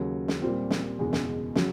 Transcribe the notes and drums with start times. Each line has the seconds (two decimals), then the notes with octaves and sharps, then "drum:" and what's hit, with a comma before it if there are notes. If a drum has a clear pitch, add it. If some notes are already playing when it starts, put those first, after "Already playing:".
Already playing: D#2 C#3 F#3
0.28 drum: snare
0.42 A#2 G3 C4
0.71 drum: snare
0.98 F#1 E2 B2 G#3
1.13 drum: snare
1.55 C#3 F#3, drum: snare